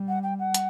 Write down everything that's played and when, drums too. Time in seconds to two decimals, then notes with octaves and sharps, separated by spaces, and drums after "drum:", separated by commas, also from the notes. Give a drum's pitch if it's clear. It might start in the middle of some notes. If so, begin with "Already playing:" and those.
Already playing: G3
0.08 F#5
0.23 G5
0.39 F#5
0.54 drum: hi-hat